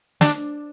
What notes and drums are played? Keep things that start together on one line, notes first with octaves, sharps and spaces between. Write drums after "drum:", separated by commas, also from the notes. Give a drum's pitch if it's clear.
D4, drum: snare